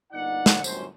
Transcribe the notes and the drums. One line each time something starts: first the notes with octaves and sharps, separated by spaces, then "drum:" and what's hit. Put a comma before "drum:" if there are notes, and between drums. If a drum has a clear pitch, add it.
G1 A#3 D#4 D5 F#5
drum: snare
G1 F#2 F#3 C#4 C5, drum: tambourine